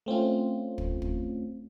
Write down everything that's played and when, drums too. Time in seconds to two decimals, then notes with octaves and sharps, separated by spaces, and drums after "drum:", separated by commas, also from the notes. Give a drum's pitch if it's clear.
0.06 A3 C4 C#4 F4
0.78 drum: kick
1.02 drum: kick